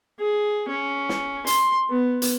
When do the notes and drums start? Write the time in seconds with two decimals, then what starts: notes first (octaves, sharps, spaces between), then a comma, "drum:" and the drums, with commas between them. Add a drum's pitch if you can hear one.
0.20 G#4
0.69 C#4
1.09 drum: snare
1.47 C6, drum: hi-hat
1.90 B3
2.22 drum: hi-hat